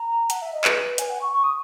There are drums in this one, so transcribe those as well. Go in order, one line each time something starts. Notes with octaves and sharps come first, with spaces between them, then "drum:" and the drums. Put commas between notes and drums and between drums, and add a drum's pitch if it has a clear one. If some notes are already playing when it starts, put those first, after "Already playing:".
Already playing: A#5
F#5, drum: hi-hat
E5
D#5
B4, drum: clap
G#5, drum: hi-hat
F#5
C#6
C#6
D#6